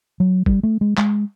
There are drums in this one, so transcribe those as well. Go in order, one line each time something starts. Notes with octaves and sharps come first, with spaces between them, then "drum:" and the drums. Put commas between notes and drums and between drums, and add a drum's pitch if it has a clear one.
F#3
G3, drum: kick
A3
G#3
G#3, drum: clap